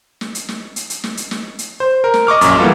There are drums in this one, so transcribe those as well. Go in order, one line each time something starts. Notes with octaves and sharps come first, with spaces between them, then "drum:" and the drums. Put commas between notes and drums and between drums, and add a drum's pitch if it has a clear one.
drum: snare
drum: hi-hat
drum: snare
drum: hi-hat
drum: hi-hat
drum: snare
drum: hi-hat
drum: snare
drum: hi-hat
C5
A#4
drum: snare
D#5 C#6 D6 F6
A#1 F#2, drum: hi-hat
E3 G3 A#3 B3 F4 A4